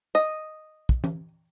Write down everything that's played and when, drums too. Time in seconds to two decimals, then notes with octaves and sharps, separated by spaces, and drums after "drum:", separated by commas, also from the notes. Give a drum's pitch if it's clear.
0.15 D#5
0.89 drum: kick
1.04 drum: tom E3